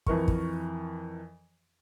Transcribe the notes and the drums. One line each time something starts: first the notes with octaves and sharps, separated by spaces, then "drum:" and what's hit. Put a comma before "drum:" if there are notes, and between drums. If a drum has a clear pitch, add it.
F2 E3 A#4 C#6, drum: kick
drum: kick